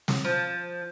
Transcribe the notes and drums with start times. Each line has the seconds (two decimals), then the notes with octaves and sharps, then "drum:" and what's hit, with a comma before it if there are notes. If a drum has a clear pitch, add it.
0.08 drum: snare
0.25 F3